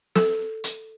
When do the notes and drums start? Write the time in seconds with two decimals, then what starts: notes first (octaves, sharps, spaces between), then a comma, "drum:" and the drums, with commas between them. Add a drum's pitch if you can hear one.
0.16 A4, drum: snare
0.64 drum: hi-hat